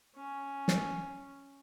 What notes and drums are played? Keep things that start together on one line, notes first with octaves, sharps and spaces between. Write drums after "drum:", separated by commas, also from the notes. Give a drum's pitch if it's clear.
C#4
drum: snare